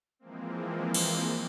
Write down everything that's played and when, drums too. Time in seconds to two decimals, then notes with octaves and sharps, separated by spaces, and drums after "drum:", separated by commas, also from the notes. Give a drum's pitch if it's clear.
0.19 E3 F3 G#3 A#3 C4
0.94 drum: cymbal